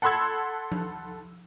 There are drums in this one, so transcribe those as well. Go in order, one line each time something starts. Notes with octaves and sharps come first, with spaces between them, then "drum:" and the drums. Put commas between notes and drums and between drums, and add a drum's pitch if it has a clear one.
A4 F#5 B5 C6 E6 G#6
drum: tom F3